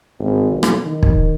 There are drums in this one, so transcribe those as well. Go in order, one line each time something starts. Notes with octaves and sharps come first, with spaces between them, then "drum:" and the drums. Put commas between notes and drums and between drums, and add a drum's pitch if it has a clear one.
G#1
B1
drum: rim click
D#3
drum: kick